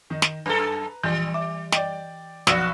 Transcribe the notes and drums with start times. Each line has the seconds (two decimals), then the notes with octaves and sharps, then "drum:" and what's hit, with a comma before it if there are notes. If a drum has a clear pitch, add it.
0.10 D#3 D#4
0.22 drum: snare
0.46 F#2 A4 B4 A#5
1.04 A#1 E3 G3
1.34 E5 D6
1.72 D5 D#5 G5, drum: snare
2.47 B1 F3 B3 F#4 D5 E6 E7, drum: snare